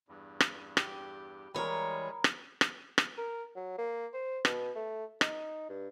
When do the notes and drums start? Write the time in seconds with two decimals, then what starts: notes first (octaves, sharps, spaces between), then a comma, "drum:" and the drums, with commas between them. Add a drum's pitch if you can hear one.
0.08 E2 G2
0.40 drum: rim click
0.77 G4, drum: rim click
1.55 E3 G3 G#3 G#4 A#4 C#5 B5
2.24 drum: rim click
2.61 drum: rim click
2.98 drum: rim click
3.17 A#4
3.56 F#3
3.78 A#3
4.13 C5
4.45 B2, drum: rim click
4.75 A3
5.21 D#4, drum: rim click
5.69 G2